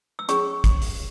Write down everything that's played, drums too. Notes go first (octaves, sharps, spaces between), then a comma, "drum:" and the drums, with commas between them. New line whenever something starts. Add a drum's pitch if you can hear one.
E6
C#4 G#4 C#5 C#6, drum: hi-hat
drum: kick, hi-hat
drum: open hi-hat